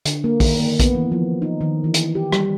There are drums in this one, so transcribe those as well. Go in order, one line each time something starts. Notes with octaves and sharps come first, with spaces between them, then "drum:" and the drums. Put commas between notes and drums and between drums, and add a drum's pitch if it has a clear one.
D3, drum: hi-hat
A#3
D#3, drum: kick, open hi-hat
A#3
B3, drum: kick, hi-hat
E3
F3
D#4
D#3
E3
drum: hi-hat
G4
G3, drum: rim click